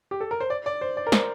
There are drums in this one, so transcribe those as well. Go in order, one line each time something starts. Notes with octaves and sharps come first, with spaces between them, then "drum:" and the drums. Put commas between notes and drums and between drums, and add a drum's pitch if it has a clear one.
G4
A4
A#4
C5
D5
D5
C5
D5
A#4
C5, drum: snare